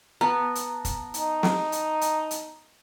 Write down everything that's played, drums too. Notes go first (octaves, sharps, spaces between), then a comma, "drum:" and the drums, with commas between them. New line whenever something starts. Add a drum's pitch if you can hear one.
B3 A5 A#5
drum: hi-hat
drum: kick, hi-hat
D#4, drum: hi-hat
drum: snare
drum: hi-hat
drum: hi-hat
drum: hi-hat